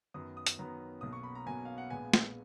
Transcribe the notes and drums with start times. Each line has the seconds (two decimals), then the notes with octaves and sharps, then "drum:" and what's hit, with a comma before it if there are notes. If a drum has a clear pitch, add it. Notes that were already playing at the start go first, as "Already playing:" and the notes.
0.14 F#2 D#3 F#3 B3 D#6
0.37 D#6
0.47 drum: hi-hat
0.58 F#2 D#3 F#3 B3 A#5
1.01 B1 B2 F#3 A#3 D#6
1.13 C#6
1.23 B5
1.35 A#5
1.46 B1 B2 F#3 A#3 G#5
1.65 F5
1.78 F#5
1.90 A#1 A#2 G#3 B3 G#5
2.14 drum: snare